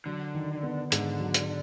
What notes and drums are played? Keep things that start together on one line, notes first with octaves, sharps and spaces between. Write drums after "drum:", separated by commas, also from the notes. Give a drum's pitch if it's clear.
D3 F#3
D#3
B3
G#2 D3, drum: hi-hat
F#3
drum: hi-hat